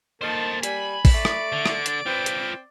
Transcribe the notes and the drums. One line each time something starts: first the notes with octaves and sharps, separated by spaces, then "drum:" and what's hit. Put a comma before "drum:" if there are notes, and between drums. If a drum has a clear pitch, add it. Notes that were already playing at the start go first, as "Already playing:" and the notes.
D#3 A#3 A4 C5 A5
G3 G#5 B5, drum: hi-hat
drum: kick, open hi-hat
A3 D5 D7
drum: rim click
D3
drum: rim click
drum: hi-hat
C4 F4 B4
drum: hi-hat